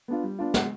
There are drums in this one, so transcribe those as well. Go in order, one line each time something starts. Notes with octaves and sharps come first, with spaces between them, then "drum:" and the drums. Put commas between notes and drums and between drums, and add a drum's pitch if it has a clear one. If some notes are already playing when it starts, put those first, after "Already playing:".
B3 D4 F4
G3
B3 D4 F4
G#3, drum: snare